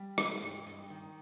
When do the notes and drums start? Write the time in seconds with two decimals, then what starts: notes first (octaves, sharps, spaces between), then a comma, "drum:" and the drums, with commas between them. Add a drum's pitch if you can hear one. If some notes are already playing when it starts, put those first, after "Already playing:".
Already playing: G3
0.18 G#3, drum: rim click
0.42 G2
0.66 G2 D#5
0.90 D#3